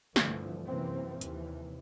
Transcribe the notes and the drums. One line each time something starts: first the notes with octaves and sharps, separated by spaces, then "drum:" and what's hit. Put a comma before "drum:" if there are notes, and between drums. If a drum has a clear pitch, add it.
C2 G2 D3 E3 F3 A3, drum: snare
F#2 C3 E3 A#3 C4
D#2 C3 E3, drum: hi-hat